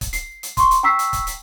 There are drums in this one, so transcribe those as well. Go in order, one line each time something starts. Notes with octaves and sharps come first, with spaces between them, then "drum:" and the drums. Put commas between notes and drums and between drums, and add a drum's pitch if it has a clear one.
drum: kick, hi-hat
C7, drum: hi-hat
drum: hi-hat
C6 C#6, drum: kick, hi-hat
drum: hi-hat
G5 A#5 C#6 E6 B6 C7
drum: hi-hat
drum: kick, hi-hat
drum: hi-hat